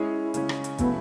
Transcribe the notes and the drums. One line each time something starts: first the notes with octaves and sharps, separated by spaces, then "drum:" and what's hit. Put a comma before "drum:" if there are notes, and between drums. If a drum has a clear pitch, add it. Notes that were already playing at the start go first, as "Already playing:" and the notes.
Already playing: G#3 C#4 E4 G#4 C#5
C#3 G#3 C#4, drum: hi-hat
drum: rim click
drum: hi-hat
C#3 F#3 A3 B3 E4, drum: kick, hi-hat